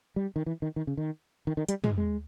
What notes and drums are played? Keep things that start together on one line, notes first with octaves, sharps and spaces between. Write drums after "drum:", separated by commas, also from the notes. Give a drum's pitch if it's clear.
G3
D#3
E3
D#3
D#3
C#3
D#3
D#3
D#3
G3, drum: hi-hat
G#3, drum: tom
G#3